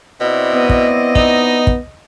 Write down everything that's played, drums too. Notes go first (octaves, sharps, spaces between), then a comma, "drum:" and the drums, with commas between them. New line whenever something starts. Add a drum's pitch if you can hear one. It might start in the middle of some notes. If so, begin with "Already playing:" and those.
B2 C4 E4 D5
B3 D#5
drum: kick
D#4, drum: kick
drum: kick